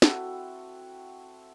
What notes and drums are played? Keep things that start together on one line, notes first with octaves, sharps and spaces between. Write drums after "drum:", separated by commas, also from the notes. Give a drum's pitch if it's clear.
C4 E4 F#4 A4, drum: snare